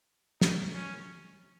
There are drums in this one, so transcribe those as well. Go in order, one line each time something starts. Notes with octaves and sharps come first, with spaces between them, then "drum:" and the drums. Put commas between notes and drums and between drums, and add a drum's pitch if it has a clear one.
D#4, drum: snare
C#4